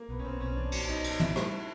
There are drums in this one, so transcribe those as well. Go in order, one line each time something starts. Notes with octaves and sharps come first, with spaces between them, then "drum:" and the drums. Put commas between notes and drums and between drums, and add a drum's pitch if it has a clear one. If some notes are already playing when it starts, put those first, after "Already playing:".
Already playing: A#3
B1 B3
C#4
B1 C4
B1 C#4
E3 D4
A#1, drum: cymbal
A#1 D#4
A#1, drum: cymbal
A#2 E4, drum: tom
G3, drum: rim click